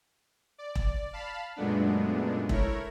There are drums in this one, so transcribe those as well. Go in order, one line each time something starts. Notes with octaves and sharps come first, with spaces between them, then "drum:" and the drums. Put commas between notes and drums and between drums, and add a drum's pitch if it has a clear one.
D5
drum: kick E1
F5 A5 B5
F#2 A#2 G#3 A3 B3 D4
A3 E4 A#4 C#5, drum: kick E1